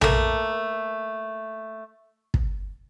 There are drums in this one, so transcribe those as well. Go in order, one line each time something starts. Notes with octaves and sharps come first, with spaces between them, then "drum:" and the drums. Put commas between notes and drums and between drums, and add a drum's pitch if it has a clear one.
A3 A#3, drum: tom A#1
drum: kick